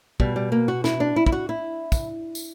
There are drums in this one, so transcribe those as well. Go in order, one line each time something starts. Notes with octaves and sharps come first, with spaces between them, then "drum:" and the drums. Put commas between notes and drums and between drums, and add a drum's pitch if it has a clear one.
B2 G3, drum: kick
G3
A#3
F#4
E4, drum: snare
D4
E4
E4, drum: kick
F#4
E4
drum: kick, tambourine
drum: tambourine